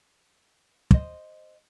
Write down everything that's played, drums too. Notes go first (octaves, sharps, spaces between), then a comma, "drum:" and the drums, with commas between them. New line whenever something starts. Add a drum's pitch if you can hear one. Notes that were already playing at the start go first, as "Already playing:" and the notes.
C5 D#5, drum: kick